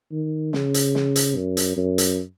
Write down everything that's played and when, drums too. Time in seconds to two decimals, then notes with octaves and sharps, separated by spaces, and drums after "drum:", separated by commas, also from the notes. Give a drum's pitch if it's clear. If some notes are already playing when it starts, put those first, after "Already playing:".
0.12 D#3
0.53 C#3, drum: snare
0.74 drum: hi-hat
0.95 drum: snare
1.16 drum: hi-hat
1.36 F#2
1.57 drum: hi-hat
1.77 F#2
1.98 drum: hi-hat